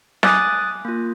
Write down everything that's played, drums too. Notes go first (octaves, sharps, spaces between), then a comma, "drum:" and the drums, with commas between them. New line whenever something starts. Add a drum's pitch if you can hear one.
G#5 D6 D#6 F#6 A6, drum: snare
A#3 F4